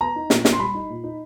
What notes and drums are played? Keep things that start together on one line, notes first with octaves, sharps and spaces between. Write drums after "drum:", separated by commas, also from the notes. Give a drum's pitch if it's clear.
B3 A#5
D#4
A#2, drum: snare
A#2, drum: snare
C6
G3 B5
D#4
A#2
D#4